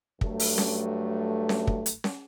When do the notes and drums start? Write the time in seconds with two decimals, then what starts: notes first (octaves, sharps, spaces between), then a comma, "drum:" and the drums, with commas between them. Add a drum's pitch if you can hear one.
0.21 G2 F#3 A3, drum: kick
0.39 drum: open hi-hat
0.58 drum: snare C#4
1.49 drum: snare C#4
1.67 drum: kick
1.86 drum: hi-hat
2.04 drum: snare C#4